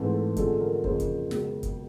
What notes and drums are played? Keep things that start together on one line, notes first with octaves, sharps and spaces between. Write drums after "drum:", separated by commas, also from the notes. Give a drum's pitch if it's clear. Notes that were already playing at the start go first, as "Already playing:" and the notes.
Already playing: G#2 E3 A3 C4 A4
A4
F#2 D3 F3 G#3 C4 A4, drum: kick, hi-hat
A#4
F2 C#3 F3 A#3 C5, drum: kick
drum: kick, hi-hat
C#2 B2 F#3 A#3, drum: snare
drum: kick, hi-hat